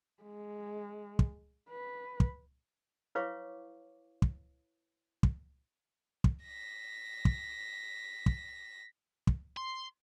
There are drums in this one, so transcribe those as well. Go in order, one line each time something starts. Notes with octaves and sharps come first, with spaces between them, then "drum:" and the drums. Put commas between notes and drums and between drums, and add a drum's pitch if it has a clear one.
G#3
drum: kick
B4
drum: kick
E4 B4 C#5 F5 C#6 D6
drum: kick
drum: kick
drum: kick
A#6 B6
drum: kick
drum: kick
drum: kick
C6